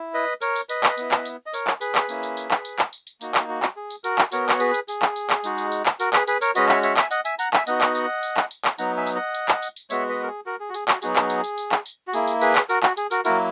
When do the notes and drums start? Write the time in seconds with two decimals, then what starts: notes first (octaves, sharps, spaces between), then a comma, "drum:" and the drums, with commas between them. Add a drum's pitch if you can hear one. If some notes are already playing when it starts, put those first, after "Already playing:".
Already playing: E4
0.14 B4 D#5
0.41 A#4 C#5, drum: tambourine
0.56 drum: tambourine
0.69 B4 D#5, drum: tambourine
0.83 drum: clap
0.98 B3 E4, drum: tambourine
1.11 drum: clap
1.25 drum: tambourine
1.46 D#5
1.54 A#4 C#5, drum: tambourine
1.67 drum: clap
1.81 G#4 B4, drum: tambourine
1.95 drum: clap
2.09 A#3 C#4 E4, drum: tambourine
2.23 drum: tambourine
2.37 drum: tambourine
2.51 drum: clap
2.65 drum: tambourine
2.79 drum: clap
2.93 drum: tambourine
3.07 drum: tambourine
3.21 A#3 D#4 F#4, drum: tambourine
3.35 drum: clap
3.49 F#4
3.63 drum: clap
3.76 G#4
3.90 drum: tambourine
4.04 F#4 A#4, drum: tambourine
4.18 drum: clap
4.32 B3 F#4 A#4 C#5, drum: tambourine
4.49 C#5, drum: clap
4.60 G#4 B4, drum: tambourine
4.74 drum: tambourine
4.88 G#4, drum: tambourine
5.02 drum: clap
5.16 drum: tambourine
5.30 drum: clap
5.44 G#3 D#4 F#4, drum: tambourine
5.58 drum: tambourine
5.72 drum: tambourine
5.86 drum: clap
6.00 F#4 A#4, drum: tambourine
6.13 G#4 B4, drum: clap
6.27 G#4 B4, drum: tambourine
6.41 A#4 C#5, drum: tambourine
6.55 G#3 C#4 F#4 B4 D#5, drum: tambourine
6.69 C#5 E5, drum: clap
6.83 C#5 E5, drum: tambourine
6.97 E5 G#5, drum: clap
7.11 D#5 F#5, drum: tambourine
7.25 E5 G#5, drum: tambourine
7.39 F#5 A#5, drum: tambourine
7.53 E5 G#5, drum: clap
7.67 B3 D#4 F#4 D#5 F#5, drum: tambourine
7.81 drum: clap
7.95 drum: tambourine
8.23 drum: tambourine
8.37 drum: clap
8.51 drum: tambourine
8.65 drum: clap
8.78 F#3 B3 D#4 F#5 A#5, drum: tambourine
8.97 E5 G#5
9.07 drum: tambourine
9.16 D#5 F#5
9.34 drum: tambourine
9.48 drum: clap
9.62 drum: tambourine
9.76 drum: tambourine
9.90 G#3 B3 F#4 C#5 E5, drum: tambourine
10.09 B4 D#5
10.23 A#4
10.28 G#4
10.46 F#4 A#4
10.60 G#4
10.70 F#4
10.74 G#4, drum: tambourine
10.88 F#4, drum: clap
11.02 F#3 B3 D#4 F#4 G#4, drum: tambourine
11.16 drum: clap
11.30 drum: tambourine
11.44 drum: tambourine
11.58 drum: tambourine
11.72 drum: clap
11.86 drum: tambourine
12.08 F#4
12.13 A#3 E4 G#4, drum: tambourine
12.27 drum: tambourine
12.41 G#4 B4, drum: tambourine
12.55 drum: clap
12.69 F#4 A#4, drum: tambourine
12.83 F#4, drum: clap
12.97 G#4, drum: tambourine
13.11 F#4 A#4, drum: tambourine
13.25 F#3 A#3 E4 F#4 A#4, drum: tambourine